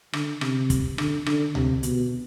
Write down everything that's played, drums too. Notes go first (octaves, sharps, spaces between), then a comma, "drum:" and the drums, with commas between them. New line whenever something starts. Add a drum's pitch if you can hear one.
D3, drum: rim click
C3, drum: rim click
drum: kick, hi-hat
D3, drum: rim click
D3, drum: rim click
C3, drum: tom C#2
B2, drum: hi-hat